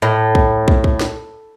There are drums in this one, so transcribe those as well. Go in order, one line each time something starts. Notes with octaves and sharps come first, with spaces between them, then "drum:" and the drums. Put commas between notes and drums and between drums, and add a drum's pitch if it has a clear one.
A2
drum: kick
drum: kick
drum: kick
drum: snare